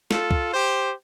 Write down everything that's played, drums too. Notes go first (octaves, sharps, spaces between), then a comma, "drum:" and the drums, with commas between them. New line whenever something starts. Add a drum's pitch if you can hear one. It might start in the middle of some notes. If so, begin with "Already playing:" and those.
F4 A4, drum: snare
drum: kick
G4 C5